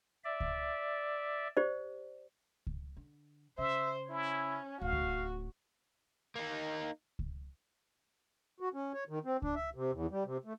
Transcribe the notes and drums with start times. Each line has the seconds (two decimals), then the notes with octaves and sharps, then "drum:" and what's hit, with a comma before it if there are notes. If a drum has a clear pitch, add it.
0.24 D5 E5
0.40 drum: kick C#2
1.57 G4 C5 D5
2.67 drum: kick C#2
2.97 D3
3.58 C#3 C5 E5
4.09 C#4 E4
4.82 D1 F#4 F5
4.93 drum: kick C#2
6.35 A#3 D#4
7.19 drum: kick C#2
8.60 F#4
8.74 C#4
8.94 C#5
9.09 D#3
9.25 C4
9.42 D4, drum: kick C#2
9.55 E5
9.75 C3
9.92 E2
10.11 G3
10.25 C3
10.45 A3